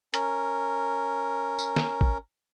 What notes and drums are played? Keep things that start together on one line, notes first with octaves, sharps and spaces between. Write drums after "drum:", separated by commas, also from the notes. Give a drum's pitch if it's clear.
C#4 A#4, drum: hi-hat
drum: tambourine
drum: snare
drum: kick